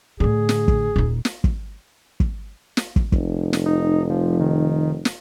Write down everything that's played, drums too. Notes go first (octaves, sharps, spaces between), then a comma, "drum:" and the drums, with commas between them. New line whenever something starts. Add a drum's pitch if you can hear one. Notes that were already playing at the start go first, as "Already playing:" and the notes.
A2 D3 G#4
drum: snare
drum: kick
D#1 D#4
drum: snare
drum: kick
drum: kick
drum: snare
drum: kick
F1, drum: kick
drum: snare
D#4
F3
D#3
drum: snare